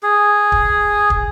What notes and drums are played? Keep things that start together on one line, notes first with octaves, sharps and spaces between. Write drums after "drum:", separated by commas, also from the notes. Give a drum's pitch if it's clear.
G#4
drum: kick
drum: kick